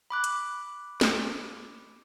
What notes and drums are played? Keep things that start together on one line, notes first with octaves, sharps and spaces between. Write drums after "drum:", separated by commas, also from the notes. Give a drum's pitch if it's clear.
B5 D6 F#6
drum: hi-hat
drum: snare